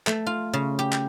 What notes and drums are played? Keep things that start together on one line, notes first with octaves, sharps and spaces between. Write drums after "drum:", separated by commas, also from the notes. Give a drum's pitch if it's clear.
A3, drum: clap
F4
C#3
G4
drum: clap